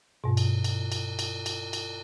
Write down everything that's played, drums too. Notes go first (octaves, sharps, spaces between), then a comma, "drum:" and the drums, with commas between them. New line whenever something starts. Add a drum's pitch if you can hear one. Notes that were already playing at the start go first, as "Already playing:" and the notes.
G2 B2
drum: cymbal
drum: cymbal
drum: cymbal
drum: cymbal
drum: cymbal
drum: cymbal